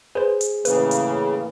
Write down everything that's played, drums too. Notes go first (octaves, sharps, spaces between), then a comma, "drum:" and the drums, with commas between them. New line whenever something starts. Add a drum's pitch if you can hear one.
G#4 B4 C5
drum: hi-hat
A2 C#3 E3 A#3 B4, drum: hi-hat
drum: hi-hat